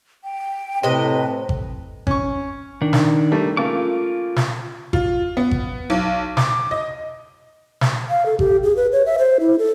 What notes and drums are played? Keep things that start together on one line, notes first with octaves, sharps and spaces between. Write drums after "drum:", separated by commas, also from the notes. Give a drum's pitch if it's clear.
G5
A2 C3 C4 B4 D#5
drum: kick G#1
C#4 C#6, drum: kick G#1
D#3 D4
drum: snare
G3 A3 A#3
C#3 A3 A#3 F4 D6
drum: snare
F4, drum: kick G#1
B3
drum: kick G#1
B1
D6, drum: snare
D#5
drum: snare
F5
A4
G4, drum: kick G#1
G#4
B4
C#5
E5
C5
E4
A4